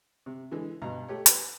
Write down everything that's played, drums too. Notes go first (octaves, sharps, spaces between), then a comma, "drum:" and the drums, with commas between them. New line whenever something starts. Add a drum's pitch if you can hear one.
C3
D3 E3 G#3
G2 B2 A#5
A3 G4 C#5
B4, drum: hi-hat